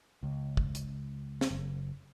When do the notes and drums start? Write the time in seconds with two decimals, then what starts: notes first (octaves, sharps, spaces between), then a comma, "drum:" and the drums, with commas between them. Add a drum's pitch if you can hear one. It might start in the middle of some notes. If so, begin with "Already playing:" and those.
0.23 C#2
0.57 drum: kick
0.75 drum: hi-hat
1.41 drum: snare
1.51 F#1